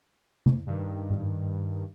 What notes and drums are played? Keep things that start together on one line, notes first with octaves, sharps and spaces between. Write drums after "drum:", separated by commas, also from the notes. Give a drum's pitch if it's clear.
drum: tom C3
G2 D#3
drum: tom G#2